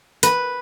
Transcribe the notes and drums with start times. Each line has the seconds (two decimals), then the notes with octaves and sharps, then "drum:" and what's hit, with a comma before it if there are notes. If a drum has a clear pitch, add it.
0.23 B4, drum: hi-hat